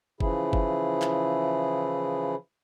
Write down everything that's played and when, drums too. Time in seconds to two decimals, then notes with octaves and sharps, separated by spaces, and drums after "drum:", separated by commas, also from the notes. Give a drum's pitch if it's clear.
0.20 C#3 E3 F3 E4 G#4, drum: kick F#1
0.53 drum: kick F#1
1.02 drum: clap